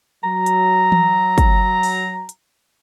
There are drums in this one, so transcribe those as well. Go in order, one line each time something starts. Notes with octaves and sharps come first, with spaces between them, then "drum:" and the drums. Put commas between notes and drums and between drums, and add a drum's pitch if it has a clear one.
F#3 A#5
drum: hi-hat
drum: tom E3
drum: kick, hi-hat
drum: open hi-hat
drum: hi-hat